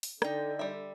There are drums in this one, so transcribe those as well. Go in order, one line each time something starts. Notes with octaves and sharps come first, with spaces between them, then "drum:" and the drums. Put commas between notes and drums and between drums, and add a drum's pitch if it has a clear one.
drum: open hi-hat
D3 D#4 D5 G5, drum: rim click
G3 E5